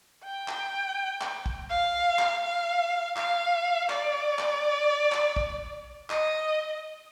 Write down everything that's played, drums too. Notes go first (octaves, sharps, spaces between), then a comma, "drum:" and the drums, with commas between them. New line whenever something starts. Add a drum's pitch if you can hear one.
G5
drum: clap
drum: clap
drum: kick
F5
drum: clap
F5
F5, drum: clap
D5, drum: clap
drum: clap
drum: clap
drum: kick
D#5, drum: clap